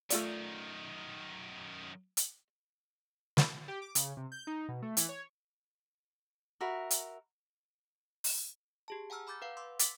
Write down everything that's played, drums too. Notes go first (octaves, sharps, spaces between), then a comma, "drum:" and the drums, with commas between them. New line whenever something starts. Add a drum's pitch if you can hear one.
F#2 D#3 A3 F4 D5, drum: hi-hat
drum: hi-hat
drum: snare
G4
D6
C#3, drum: hi-hat
C3
G6
D#4
B2
A3
E3, drum: hi-hat
C#5
F#4 A#4 E5 B5
drum: hi-hat
drum: open hi-hat
G4 G#4 A5
F#5 G#5 A#5 E6 F6
G#5 B5 D6 G6 A6
B4 F5 F#5
C6 D6 E6
D6 A6 B6, drum: hi-hat